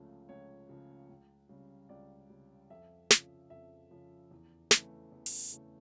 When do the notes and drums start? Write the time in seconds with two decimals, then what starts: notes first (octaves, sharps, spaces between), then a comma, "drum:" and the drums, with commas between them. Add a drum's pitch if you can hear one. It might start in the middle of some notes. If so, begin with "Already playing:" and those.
Already playing: C#2 C#3 F3 A3
0.29 C#2 C#5
0.69 C#3 F3 A3
1.09 C#2
1.49 C#3 G3
1.89 C#2 D5
2.30 C#3 G3
2.70 F2 E5
3.11 C#3 F3, drum: snare
3.50 F2 E5
3.91 C#3 F3
4.31 E2
4.71 C#3 E3 A3, drum: snare
5.12 E2
5.26 drum: open hi-hat
5.52 C#3 E3 A3